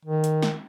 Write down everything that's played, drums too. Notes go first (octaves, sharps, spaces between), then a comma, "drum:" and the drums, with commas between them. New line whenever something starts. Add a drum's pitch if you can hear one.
D#3
drum: hi-hat
drum: snare